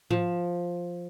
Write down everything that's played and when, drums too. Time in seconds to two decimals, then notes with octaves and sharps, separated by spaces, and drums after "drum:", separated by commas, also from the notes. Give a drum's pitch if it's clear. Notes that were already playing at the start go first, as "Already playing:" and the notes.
0.11 F3, drum: tom G#2